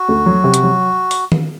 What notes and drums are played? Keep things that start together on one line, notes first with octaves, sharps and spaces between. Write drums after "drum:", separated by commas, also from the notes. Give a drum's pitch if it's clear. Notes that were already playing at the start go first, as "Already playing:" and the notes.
Already playing: F#4
D2
F#3
C3
drum: hi-hat
F#3
drum: open hi-hat
drum: tom D#3